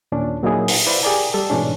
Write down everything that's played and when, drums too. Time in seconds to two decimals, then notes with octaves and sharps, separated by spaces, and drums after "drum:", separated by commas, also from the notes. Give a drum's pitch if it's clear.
0.12 D#2 A#2 C#4 D4
0.42 A#2 F#3 A#3 D#4 E4 G#4
0.68 drum: open hi-hat
0.87 E4 B4 C5 D5 F5 B5
1.03 G4 G#4 A#4 D5 G#5 A#5
1.34 G3 A4
1.50 G#2 B2 E3 G#3 C#4 D4